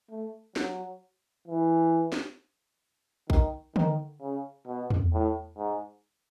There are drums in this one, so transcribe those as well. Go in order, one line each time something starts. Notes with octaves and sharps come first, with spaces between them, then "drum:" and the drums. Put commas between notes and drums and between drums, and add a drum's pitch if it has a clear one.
A3
F#3, drum: snare
E3
drum: snare
D#3, drum: kick
D#3, drum: tom D3
C#3
B2
drum: tom E2
A2
G#2